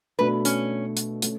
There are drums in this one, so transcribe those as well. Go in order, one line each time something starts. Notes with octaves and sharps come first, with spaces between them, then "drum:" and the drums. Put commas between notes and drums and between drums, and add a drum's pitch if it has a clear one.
B2 A3 D4 B4
C#4, drum: hi-hat
drum: hi-hat
A3 C#4, drum: hi-hat